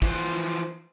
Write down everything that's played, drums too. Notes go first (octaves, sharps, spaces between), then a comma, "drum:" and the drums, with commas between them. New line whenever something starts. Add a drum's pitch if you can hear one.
E3 F3 C5, drum: kick